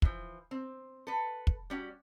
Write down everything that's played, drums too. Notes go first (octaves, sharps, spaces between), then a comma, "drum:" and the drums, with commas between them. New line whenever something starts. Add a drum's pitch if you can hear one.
E3 F3, drum: kick
C4
A4 B4
drum: kick
G3 C#4 F#4